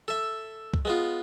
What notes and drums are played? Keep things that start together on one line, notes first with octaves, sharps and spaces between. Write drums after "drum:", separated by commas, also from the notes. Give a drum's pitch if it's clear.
A4 E5
drum: kick C2
G#3 B3 F4